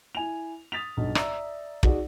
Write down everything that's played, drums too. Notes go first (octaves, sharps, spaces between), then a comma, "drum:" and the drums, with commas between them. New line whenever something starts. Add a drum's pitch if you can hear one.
E4 G#5 F7
D#6 A6 B6 F7
B1 G2
D5 E5 A#5 E6, drum: rim click
D#4 F#4 G#4 D5, drum: kick